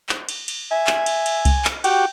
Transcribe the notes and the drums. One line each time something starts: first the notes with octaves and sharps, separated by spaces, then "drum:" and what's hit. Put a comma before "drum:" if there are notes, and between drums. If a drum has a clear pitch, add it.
drum: clap
drum: cymbal
drum: cymbal
E5 G#5
drum: clap
drum: cymbal
drum: cymbal
drum: kick C2, cymbal
drum: clap
F#4 G4 G5, drum: cymbal